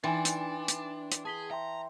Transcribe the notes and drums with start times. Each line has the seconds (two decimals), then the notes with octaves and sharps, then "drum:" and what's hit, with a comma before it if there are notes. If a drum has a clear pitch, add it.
0.04 E3 D4 D#4 G5 G#5 C6 A6
0.25 drum: hi-hat
0.68 drum: hi-hat
1.12 drum: hi-hat
1.25 G#4 A5 B6 G7
1.51 E5 G5 A#5 C6